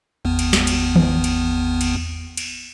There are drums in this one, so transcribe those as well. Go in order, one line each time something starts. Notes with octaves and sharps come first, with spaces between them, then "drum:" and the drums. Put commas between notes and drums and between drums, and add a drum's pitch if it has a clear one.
G#1 E2 B3
drum: cymbal
drum: snare
drum: cymbal
drum: tom D#3
drum: cymbal
drum: cymbal
drum: cymbal